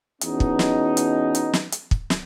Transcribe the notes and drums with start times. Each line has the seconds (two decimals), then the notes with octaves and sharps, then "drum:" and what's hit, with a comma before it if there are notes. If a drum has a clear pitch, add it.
0.21 E2 B2 C#4 D#4, drum: hi-hat
0.40 drum: kick
0.59 drum: snare
0.97 drum: hi-hat
1.35 drum: hi-hat
1.53 drum: snare
1.72 drum: hi-hat
1.91 drum: kick
2.10 drum: snare